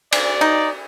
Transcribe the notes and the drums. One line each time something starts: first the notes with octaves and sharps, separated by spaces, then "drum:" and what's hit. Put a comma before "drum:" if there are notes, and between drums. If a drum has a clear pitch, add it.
D5, drum: cymbal
D#4